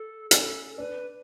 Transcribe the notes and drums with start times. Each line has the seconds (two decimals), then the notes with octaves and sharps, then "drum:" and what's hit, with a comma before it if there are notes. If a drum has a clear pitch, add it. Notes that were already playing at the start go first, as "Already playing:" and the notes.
Already playing: A4
0.31 C#4 A4, drum: hi-hat
0.73 A4
0.78 D4 B4